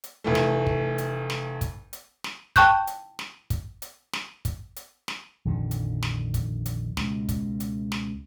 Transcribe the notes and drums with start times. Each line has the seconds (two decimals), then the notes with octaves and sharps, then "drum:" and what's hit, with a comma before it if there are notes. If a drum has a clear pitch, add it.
0.04 drum: hi-hat
0.24 F1 E3 A3
0.35 drum: snare
0.67 drum: kick
0.98 drum: hi-hat
1.30 drum: snare
1.61 drum: kick, hi-hat
1.93 drum: hi-hat
2.24 drum: snare
2.56 G5 A5 C#6 F#6 G6, drum: kick, hi-hat
2.87 drum: hi-hat
3.19 drum: snare
3.50 drum: kick, hi-hat
3.82 drum: hi-hat
4.13 drum: snare
4.45 drum: kick, hi-hat
4.76 drum: hi-hat
5.08 drum: snare
5.45 A#1 F2 D3 D#3
5.71 drum: hi-hat
6.03 drum: snare
6.34 drum: kick, hi-hat
6.66 drum: hi-hat
6.97 C#2 B2, drum: snare
7.29 drum: kick, hi-hat
7.60 drum: hi-hat
7.92 drum: snare